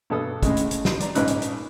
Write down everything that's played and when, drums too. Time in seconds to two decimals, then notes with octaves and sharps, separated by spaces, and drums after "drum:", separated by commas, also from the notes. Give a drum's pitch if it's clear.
0.10 G2 B2 A4 D#6
0.43 A2 C#3 G#3, drum: kick, hi-hat
0.57 drum: hi-hat
0.71 drum: hi-hat
0.85 drum: snare
1.00 D5 A#5, drum: hi-hat
1.15 A#1 G#2 C#3 D#4 F#6, drum: hi-hat
1.28 drum: hi-hat
1.42 drum: hi-hat